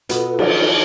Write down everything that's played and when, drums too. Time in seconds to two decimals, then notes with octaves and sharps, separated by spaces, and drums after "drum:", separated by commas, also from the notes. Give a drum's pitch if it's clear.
0.09 B2 B3 F4 A4 B4, drum: hi-hat
0.39 D#3 F3 F#3, drum: cymbal